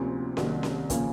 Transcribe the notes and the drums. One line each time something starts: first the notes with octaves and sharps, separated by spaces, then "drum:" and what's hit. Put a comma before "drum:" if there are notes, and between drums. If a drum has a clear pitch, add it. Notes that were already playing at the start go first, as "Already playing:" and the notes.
Already playing: D2 C3 F3 A#3 C#4
C2 C3 D#3 F#3 A#3, drum: snare C#4
drum: snare C#4
C#3 F3 A#3 C#4, drum: kick, hi-hat